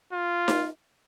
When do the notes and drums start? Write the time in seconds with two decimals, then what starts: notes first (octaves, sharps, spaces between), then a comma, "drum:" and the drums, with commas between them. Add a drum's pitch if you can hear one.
0.13 F4
0.48 drum: snare D#4